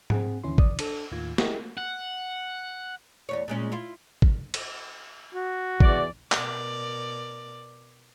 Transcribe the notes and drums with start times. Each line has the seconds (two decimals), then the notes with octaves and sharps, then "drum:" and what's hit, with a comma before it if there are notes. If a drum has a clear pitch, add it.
0.10 C4 G#4 F#5, drum: tom G#2
0.43 D#2 D3 E3 C#4 E4 C6
0.58 C#2 F#2 E3 D5 D#6, drum: kick G#1
0.79 D4 A4, drum: cymbal
1.12 D#2 A2 D#3 F4 G#6
1.38 E4 G4 G#4 D#5, drum: snare
1.78 F#5
3.29 E2 A#2 C#5
3.48 A#2 G#3 C#4
3.72 E4 F4
4.22 drum: kick G#1
4.54 drum: cymbal
5.35 F#4
5.80 E2 D5, drum: kick G#1
6.32 B2 A#4 D5, drum: clap